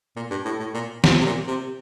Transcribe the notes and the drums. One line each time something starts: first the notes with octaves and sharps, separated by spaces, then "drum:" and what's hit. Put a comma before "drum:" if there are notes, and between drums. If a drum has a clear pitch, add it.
A#2
G2
A2
A2
A#2
C3, drum: snare
C3
A#2
C3